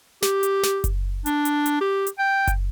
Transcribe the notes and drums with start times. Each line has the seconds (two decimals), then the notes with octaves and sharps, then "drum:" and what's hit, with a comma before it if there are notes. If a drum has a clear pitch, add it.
0.22 G4, drum: snare
0.43 drum: hi-hat
0.63 drum: snare
0.84 drum: kick F#1, hi-hat
1.26 D4, drum: hi-hat
1.45 drum: hi-hat
1.66 drum: hi-hat
1.81 G4
2.07 drum: hi-hat
2.19 G5
2.47 drum: kick F#1, hi-hat